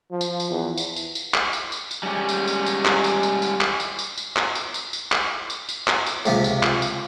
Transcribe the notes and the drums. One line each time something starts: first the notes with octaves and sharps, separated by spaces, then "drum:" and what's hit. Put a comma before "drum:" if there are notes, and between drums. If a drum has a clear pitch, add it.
F3
drum: tambourine
drum: tambourine
E2
drum: tambourine
drum: tambourine
drum: tambourine
drum: clap
drum: tambourine
drum: tambourine
drum: tambourine
G3 G#3 C#4 G4
drum: tambourine
drum: tambourine
drum: tambourine
drum: clap
drum: tambourine
drum: tambourine
drum: tambourine
drum: clap
drum: tambourine
drum: tambourine
drum: tambourine
drum: clap
drum: tambourine
drum: tambourine
drum: tambourine
drum: clap
drum: tambourine
drum: tambourine
drum: clap
drum: tambourine
C#2 C3 F3, drum: tambourine
drum: tambourine
drum: clap
drum: tambourine